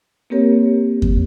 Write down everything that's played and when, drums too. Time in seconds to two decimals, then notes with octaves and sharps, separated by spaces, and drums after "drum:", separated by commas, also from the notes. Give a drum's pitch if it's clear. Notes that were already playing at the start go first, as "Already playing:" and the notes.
0.30 A#3 C4 G4 A#4 C#5
1.02 drum: kick E2